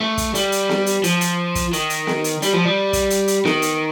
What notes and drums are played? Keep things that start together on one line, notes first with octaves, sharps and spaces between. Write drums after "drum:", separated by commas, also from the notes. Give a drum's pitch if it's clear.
A3
drum: kick, hi-hat
G3, drum: hi-hat
drum: hi-hat
drum: snare B3
drum: hi-hat
F3, drum: hi-hat
drum: hi-hat
drum: kick, hi-hat
D#3, drum: hi-hat
drum: hi-hat
drum: snare B3
drum: hi-hat
G3, drum: hi-hat
F3
G3
drum: kick, hi-hat
drum: hi-hat
drum: hi-hat
D#3, drum: snare B3
drum: hi-hat